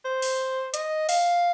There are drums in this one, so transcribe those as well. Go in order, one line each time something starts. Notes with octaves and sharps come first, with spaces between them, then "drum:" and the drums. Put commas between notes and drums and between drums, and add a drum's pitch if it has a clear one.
C5
drum: open hi-hat
D#5, drum: hi-hat
F5, drum: open hi-hat